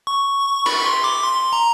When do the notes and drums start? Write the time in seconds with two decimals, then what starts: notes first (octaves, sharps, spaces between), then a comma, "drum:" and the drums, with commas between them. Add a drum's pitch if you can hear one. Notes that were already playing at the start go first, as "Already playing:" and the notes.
0.07 C#6
0.66 B5, drum: cymbal
0.78 C#6
0.85 C6
1.04 D6
1.24 C6
1.53 A#5